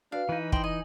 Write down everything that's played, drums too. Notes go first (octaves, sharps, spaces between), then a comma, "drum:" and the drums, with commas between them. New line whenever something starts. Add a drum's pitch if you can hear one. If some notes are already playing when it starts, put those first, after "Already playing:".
D4 F#4 B4 F5
E3 D#4 E4 B4 D#7
C5 D#5 G5 F#7, drum: kick
D#5 G#5